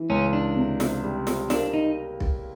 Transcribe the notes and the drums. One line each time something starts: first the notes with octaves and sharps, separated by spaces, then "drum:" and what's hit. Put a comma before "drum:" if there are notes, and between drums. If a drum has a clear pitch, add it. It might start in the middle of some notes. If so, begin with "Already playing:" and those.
Already playing: E3
C#2 C#4
D4
C3
drum: snare
G3
drum: snare
A#3 D4, drum: snare
D#4
drum: kick B1